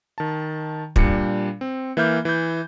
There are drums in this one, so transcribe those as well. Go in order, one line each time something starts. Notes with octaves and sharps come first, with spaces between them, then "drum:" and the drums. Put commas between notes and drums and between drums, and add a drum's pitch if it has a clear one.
D#3 A5
A#2 G3 D4 C#7, drum: kick
C4
E3 A#3 E5 F6 G6
E3 G6